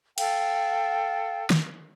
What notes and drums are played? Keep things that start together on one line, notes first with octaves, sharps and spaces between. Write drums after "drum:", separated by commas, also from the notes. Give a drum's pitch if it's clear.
A4 F5 G5, drum: cymbal
drum: snare